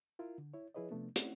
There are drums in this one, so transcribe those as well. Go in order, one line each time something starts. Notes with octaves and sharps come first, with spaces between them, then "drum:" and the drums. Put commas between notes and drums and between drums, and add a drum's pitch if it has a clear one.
E4 F4 A#4
D3
E4 C#5
F3 E4 G#4 B4 C#5 D#5
C3 F3 A3 B3 D4
A3 C4 C#4 E4 F#5, drum: hi-hat